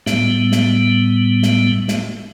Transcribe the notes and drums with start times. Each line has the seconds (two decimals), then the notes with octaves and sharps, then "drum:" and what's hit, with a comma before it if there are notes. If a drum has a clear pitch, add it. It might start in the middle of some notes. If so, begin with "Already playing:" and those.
0.06 A2 G3 B3, drum: snare
0.52 drum: snare
1.43 drum: snare
1.88 drum: snare